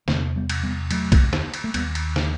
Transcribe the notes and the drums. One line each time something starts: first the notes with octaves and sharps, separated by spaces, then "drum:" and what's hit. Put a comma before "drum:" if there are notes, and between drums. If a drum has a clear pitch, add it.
E2 C3 A3 C4, drum: snare
G3 B3
drum: cymbal
G3 B3
F#3 A3, drum: cymbal
drum: kick B1, cymbal
drum: snare
drum: cymbal
A3
D#2 G3 B3, drum: cymbal
drum: cymbal
drum: snare